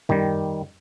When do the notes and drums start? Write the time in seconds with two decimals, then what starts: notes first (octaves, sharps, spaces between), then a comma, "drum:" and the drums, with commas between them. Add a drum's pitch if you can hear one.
0.09 D#3 G3, drum: tom F#2